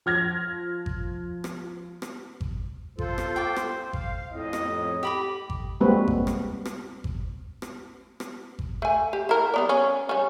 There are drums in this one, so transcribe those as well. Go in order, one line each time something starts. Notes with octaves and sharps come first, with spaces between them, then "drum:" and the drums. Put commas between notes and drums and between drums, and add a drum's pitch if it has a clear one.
F3 F6 G#6 A#6
drum: kick G#1
drum: rim click
drum: rim click
drum: kick G#1
F4 A4 C5, drum: kick G#1
drum: rim click
G5 C#6 D6
drum: rim click
F5, drum: kick G#1
F2 A2 D#5
drum: rim click
G4 B5 D6
drum: kick G#1
G3 G#3 A#3 C4 F#4 B4
drum: kick G#1
drum: rim click
drum: rim click
drum: kick G#1
drum: rim click
drum: rim click
drum: kick G#1
A3 G#5
G4
E4 A#4
G3 B3 D5
C#4
G3 C#4